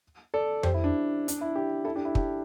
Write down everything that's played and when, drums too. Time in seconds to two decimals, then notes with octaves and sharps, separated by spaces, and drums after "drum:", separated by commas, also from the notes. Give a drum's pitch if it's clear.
0.34 A4 D5
0.63 G4 C5, drum: tom F2
0.74 E4
0.84 D4
1.28 D4, drum: hi-hat
1.41 E4
1.55 D4 G4
1.85 E4 A4
1.95 D4 G4
2.05 E4
2.15 D4 G4, drum: kick